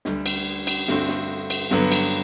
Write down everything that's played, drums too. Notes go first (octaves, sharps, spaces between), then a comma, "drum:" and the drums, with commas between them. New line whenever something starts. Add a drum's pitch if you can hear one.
D2 D3 G3, drum: snare
drum: cymbal
drum: cymbal
G2 D3 A3 C4 F#4, drum: snare
drum: snare
drum: cymbal
G2 D3 F#3 B3, drum: snare
drum: cymbal